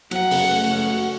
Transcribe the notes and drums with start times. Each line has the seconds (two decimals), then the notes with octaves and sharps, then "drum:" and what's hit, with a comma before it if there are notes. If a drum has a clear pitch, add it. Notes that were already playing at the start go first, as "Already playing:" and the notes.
0.11 F#3 F#5, drum: cymbal
0.31 C#3, drum: open hi-hat
0.51 A3
0.70 C#4
0.90 F#4